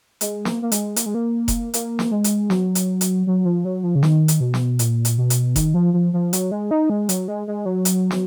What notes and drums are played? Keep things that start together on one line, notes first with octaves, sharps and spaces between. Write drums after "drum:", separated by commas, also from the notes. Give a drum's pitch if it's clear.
G#3, drum: hi-hat
A#3, drum: snare
A#3
G#3, drum: hi-hat
A#3, drum: hi-hat
G#3
A#3
drum: kick F1, hi-hat
A#3, drum: hi-hat
drum: snare
G#3
drum: hi-hat
F#3, drum: snare
drum: hi-hat
drum: hi-hat
F#3
F3
F#3
F3
C#3
D#3, drum: snare
drum: hi-hat
B2
drum: snare
A#2, drum: hi-hat
drum: hi-hat
B2
drum: hi-hat
D#3, drum: kick F1, hi-hat
F3
F3
F3
F#3, drum: hi-hat
G#3
D#4
G#3
F#3, drum: hi-hat
G#3
G#3
F#3
drum: hi-hat
drum: snare